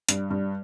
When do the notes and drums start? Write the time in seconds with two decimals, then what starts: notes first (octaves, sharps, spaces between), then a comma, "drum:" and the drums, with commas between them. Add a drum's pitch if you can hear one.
0.09 G2, drum: hi-hat
0.30 G2